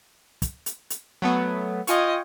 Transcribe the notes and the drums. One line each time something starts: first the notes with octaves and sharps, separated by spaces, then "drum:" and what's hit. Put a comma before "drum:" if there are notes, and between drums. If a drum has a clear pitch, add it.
drum: kick, hi-hat
drum: hi-hat
drum: hi-hat
F#3 A3 B3
F4 D#5 G5 G#5 C#6, drum: hi-hat